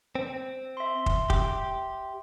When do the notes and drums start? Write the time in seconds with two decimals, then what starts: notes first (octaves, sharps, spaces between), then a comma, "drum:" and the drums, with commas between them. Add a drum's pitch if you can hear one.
0.15 C4
0.77 E5 C6
1.06 drum: kick
1.30 G4, drum: kick